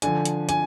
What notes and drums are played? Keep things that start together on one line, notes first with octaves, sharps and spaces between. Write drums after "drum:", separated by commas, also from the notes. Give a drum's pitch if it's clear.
D3 F3 G#5, drum: hi-hat
drum: hi-hat
G#5, drum: hi-hat